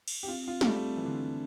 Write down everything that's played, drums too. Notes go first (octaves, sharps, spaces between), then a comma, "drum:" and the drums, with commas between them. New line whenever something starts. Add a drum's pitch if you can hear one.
drum: cymbal
G4
C4 F4
F4
G3, drum: snare
A3
E3
D3